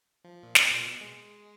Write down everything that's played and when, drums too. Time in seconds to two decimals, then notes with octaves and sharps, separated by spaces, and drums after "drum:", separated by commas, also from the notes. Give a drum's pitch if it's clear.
0.24 F3
0.43 A#2
0.55 B2, drum: snare
0.71 A#2
0.86 B2
1.01 G#3